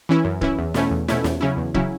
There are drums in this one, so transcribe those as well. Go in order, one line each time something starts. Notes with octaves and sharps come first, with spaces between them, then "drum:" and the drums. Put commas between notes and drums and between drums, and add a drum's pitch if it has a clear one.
E3 C#4 E4
F#2
E3 C#4 E4, drum: kick
E2
B2 A3 C#4 E4, drum: snare
E2
B2 A3 C#4 E4, drum: snare
E2, drum: snare
C#3 F#3 C#4 E4
E2
C#3 F#3 C#4 E4, drum: kick